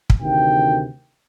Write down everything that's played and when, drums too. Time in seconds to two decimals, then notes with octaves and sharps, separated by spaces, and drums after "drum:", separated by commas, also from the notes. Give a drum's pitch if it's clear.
0.10 drum: kick
0.20 D2 C3 D#3 G5